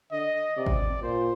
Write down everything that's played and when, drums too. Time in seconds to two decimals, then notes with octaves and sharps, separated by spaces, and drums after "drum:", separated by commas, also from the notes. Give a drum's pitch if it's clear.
0.11 D3 D#5
0.57 C3 D5
0.66 drum: kick G#1
1.03 A#2 C5